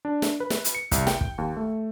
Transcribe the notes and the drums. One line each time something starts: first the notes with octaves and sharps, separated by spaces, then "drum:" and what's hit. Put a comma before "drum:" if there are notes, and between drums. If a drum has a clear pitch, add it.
D4
drum: snare
B4
drum: snare
drum: hi-hat
C#7
C2, drum: kick, hi-hat
G5, drum: snare
drum: kick
D#2
A3